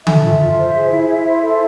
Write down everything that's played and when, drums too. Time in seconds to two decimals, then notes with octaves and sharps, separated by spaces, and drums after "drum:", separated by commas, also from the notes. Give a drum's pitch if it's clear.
0.07 A4 E5, drum: tom D3
0.23 F4
0.40 F4
0.57 C5
0.74 G#4
0.91 E4
1.08 E4
1.25 C5
1.42 A4